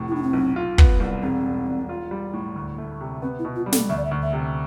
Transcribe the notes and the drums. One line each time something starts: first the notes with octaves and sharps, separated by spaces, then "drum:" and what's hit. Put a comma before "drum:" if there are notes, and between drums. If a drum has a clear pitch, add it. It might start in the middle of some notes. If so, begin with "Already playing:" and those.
Already playing: F1 A2
E4
A2 D4
C4
B1
F4
B3, drum: kick
C2
E1 C4
E1
E1
F4
G3
A2
D2
A3
C3
B3 C4
E4
B2
F4
G3
A4, drum: snare
D2 E5
D5
E5
D2
E5
C3